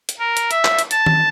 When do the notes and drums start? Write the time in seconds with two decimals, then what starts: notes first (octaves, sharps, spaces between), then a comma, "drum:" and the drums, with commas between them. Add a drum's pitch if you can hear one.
0.09 drum: hi-hat
0.19 A#4
0.37 drum: hi-hat
0.51 E5, drum: hi-hat
0.65 drum: clap
0.79 drum: hi-hat
0.91 A5, drum: hi-hat
1.06 drum: tom D#3